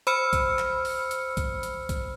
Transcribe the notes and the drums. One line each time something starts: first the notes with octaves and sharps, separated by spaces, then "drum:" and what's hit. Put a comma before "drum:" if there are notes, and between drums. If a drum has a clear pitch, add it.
C5 B5 E6 F6 C#7, drum: hi-hat
drum: kick, hi-hat
drum: clap
drum: open hi-hat
drum: hi-hat
drum: kick, hi-hat
drum: hi-hat
drum: kick, hi-hat